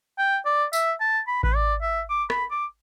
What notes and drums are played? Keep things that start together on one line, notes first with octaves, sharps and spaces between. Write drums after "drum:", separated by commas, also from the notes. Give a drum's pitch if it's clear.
G5
D5
E5, drum: tambourine
A5
B5
B4, drum: kick A1
D5
E5
D6
B5, drum: rim click
D6